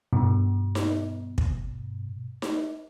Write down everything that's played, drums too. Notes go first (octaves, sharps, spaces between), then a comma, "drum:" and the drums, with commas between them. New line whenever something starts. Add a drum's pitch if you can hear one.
G2 B2
drum: snare D#4
drum: kick
drum: snare D#4